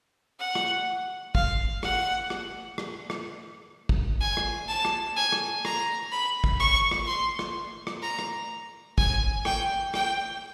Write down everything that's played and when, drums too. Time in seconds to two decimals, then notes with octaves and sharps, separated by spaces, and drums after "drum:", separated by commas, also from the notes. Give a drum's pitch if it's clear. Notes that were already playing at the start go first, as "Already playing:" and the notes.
0.40 F#5
0.55 drum: rim click
1.35 F5, drum: kick
1.83 F#5, drum: rim click
2.30 drum: rim click
2.78 drum: rim click
3.10 drum: rim click
3.89 drum: kick
4.21 G#5
4.37 drum: rim click
4.68 A5
4.85 drum: rim click
5.16 G#5
5.32 drum: rim click
5.65 A#5, drum: rim click
6.12 B5
6.44 drum: kick
6.60 C#6
6.91 drum: rim click
7.07 C6
7.39 drum: rim click
7.87 drum: rim click
8.03 A#5
8.19 drum: rim click
8.98 G#5, drum: kick
9.45 G5, drum: rim click
9.94 G5, drum: rim click